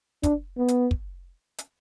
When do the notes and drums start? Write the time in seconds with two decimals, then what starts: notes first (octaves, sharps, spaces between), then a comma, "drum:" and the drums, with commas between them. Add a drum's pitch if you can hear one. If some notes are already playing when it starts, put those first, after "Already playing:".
0.23 D4, drum: kick, hi-hat
0.58 B3
0.68 drum: hi-hat
0.91 drum: kick
1.58 drum: hi-hat